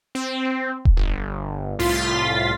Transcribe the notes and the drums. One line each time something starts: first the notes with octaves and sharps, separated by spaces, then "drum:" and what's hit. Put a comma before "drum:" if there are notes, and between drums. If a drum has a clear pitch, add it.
C4
drum: kick D#1
G1
C2 A2 F4 C6 A6 B6